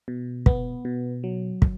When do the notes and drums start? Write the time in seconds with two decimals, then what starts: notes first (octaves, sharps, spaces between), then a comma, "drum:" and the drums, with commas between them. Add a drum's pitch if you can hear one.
0.08 B2
0.46 B3, drum: kick
0.85 B2
1.24 F#3
1.62 drum: kick